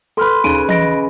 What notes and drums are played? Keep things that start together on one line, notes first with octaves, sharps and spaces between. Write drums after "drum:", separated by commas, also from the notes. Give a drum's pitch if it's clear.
A4 B4 C6 F6
C#3 D#4 D7 D#7, drum: tom D2
D#5 A#6 D7, drum: tom E3